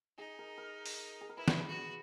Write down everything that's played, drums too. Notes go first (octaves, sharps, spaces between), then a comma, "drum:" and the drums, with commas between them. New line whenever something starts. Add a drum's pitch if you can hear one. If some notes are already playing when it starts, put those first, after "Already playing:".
D#4 G#4
A#4
A#4
drum: open hi-hat
G#4
A#4
E4 B4
drum: snare
F#4